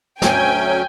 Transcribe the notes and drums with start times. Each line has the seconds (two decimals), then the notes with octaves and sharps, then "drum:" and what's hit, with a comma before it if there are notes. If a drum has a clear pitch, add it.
0.22 D2 F#3 C#4 G5 G#5, drum: snare